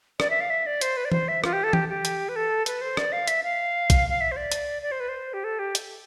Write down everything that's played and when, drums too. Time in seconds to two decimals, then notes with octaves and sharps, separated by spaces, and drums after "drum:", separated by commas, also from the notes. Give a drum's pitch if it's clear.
0.20 D5, drum: rim click
0.30 E5
0.40 F5
0.50 E5
0.66 D5
0.81 C5, drum: hi-hat
0.97 B4
1.05 D5
1.12 C5, drum: tom E3
1.28 E5
1.44 F4, drum: rim click
1.53 G4
1.63 A4
1.73 G4, drum: tom E3
1.89 G4
2.05 drum: hi-hat
2.29 B4
2.36 A4
2.66 B4, drum: hi-hat
2.81 C5
2.97 D5, drum: rim click
3.12 F5
3.28 E5, drum: hi-hat
3.44 F5
3.90 drum: kick A#1, hi-hat
4.09 F5
4.21 E5
4.31 C5
4.36 D5
4.52 drum: hi-hat
4.82 D5
4.91 C5
5.00 B4
5.08 C5
5.33 G4
5.44 A4
5.59 G4
5.75 drum: hi-hat